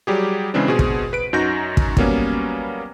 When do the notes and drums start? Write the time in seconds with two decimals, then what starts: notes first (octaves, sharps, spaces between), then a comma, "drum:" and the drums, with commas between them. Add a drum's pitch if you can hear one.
0.07 F#3 G3 G4 G#4
0.54 C#3 E3 G#3 C4 D4
0.68 B2 C4 G#4
0.79 drum: kick
1.13 B4 D7
1.33 F#2 D#4 F#4 G6 A#6
1.77 drum: kick
1.97 F#3 G3 A#3 B3 C#4, drum: kick